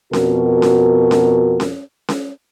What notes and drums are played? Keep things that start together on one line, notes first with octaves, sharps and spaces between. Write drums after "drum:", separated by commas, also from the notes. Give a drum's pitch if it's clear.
F2 B2 F#4 A#4, drum: snare C#4
drum: snare C#4
drum: snare C#4
drum: snare C#4
drum: snare C#4